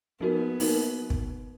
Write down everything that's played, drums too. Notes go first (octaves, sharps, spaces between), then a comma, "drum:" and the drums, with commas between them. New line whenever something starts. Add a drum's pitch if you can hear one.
F3 A#3 B3 D#4 F#4 A#4
F3 A#3 D#4 F#4 A#4, drum: open hi-hat
drum: kick